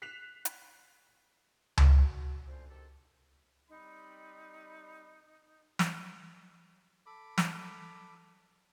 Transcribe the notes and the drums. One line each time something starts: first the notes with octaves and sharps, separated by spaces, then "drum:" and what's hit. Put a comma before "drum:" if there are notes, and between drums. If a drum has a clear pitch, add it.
F#6 B6 C7 E7 F7
drum: hi-hat
drum: tom C#2
F#4
D3 F3 A3 C#4 D4 C5
D#3 C4 G4 A4
G3 C4 D#4 B5
drum: snare
A4 B5 D6
drum: snare